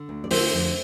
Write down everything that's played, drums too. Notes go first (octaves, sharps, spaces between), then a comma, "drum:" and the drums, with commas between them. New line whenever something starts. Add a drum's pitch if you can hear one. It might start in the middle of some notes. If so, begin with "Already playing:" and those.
Already playing: D3
D2
D5
D3 C5 E5, drum: open hi-hat
F2